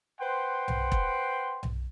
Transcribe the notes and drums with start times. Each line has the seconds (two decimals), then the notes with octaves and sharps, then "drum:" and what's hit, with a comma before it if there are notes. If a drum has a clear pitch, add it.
0.20 B4 C5 F#5 G5 C6
0.68 drum: tom B1
0.92 drum: kick E1
1.63 drum: tom B1